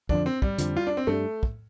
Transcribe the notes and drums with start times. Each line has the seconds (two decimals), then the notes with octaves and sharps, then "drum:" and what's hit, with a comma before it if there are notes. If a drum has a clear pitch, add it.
0.09 F2 D3 F3 D4, drum: kick
0.26 C4
0.42 G3, drum: kick
0.58 F2 D3 F3, drum: hi-hat
0.77 F4
0.87 D4
0.97 C4
1.07 G2 G3 A3 D4
1.43 drum: kick